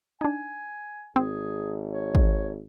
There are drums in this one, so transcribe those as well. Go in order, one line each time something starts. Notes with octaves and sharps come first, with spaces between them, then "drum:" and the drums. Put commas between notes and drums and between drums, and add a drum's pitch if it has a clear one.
D4 D#4 G#5
G#1 C4 G#4
C#5
drum: kick